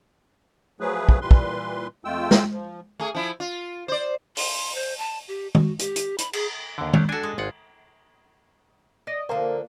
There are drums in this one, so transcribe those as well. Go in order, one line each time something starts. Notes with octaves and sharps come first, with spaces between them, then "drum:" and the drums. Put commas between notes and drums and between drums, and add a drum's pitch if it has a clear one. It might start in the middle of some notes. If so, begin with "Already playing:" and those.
F3 F#3 A3 G#4 B4
drum: kick
A#2 E3 G3 B4 C6
drum: kick
F2 G#3 A3 F4 G5 E6
drum: snare
F3
A3 G#4
F3 E4
F4
C5 D5
C6, drum: open hi-hat
C5
A5
G4
F#4, drum: tom
G4, drum: hi-hat
drum: hi-hat
B5, drum: hi-hat
G#4, drum: cymbal
D#2 D3
A3 D4 C#5, drum: tom
D4 F#4 A4 G#5
G#3
G#1 F4 F#5
D5 D#5
D3 F3 A#3 C5